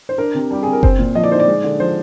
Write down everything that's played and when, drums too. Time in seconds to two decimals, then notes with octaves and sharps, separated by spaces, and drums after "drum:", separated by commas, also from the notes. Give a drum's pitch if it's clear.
0.09 C5
0.18 D4 A#4
0.35 C3
0.51 G3 G4
0.63 C3 G#4
0.73 A#4
0.83 C4 C5, drum: kick F#1
0.99 A#2
1.15 F3 D#5
1.24 D5
1.31 D#4 C5
1.40 D5
1.48 G#3
1.64 D3
1.80 F3 C5